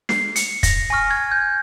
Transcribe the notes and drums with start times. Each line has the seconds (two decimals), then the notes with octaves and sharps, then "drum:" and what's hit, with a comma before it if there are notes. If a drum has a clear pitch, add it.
0.09 C7, drum: snare
0.36 C#7, drum: hi-hat
0.63 A#6, drum: kick, hi-hat
0.90 G#5 C#6 F6 A#6
1.11 G#6
1.31 G6